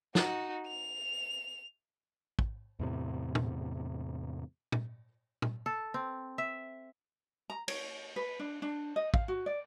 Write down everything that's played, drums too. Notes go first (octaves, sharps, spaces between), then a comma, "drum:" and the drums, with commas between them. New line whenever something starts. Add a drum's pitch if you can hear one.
D#4 F#4, drum: snare
F7
drum: kick
E2 A2 C3
drum: tom
drum: tom
drum: tom
A4
C4
E5
A#5
C#5, drum: cymbal
B4
D4
D4
D#5
F5, drum: kick
F#4
D5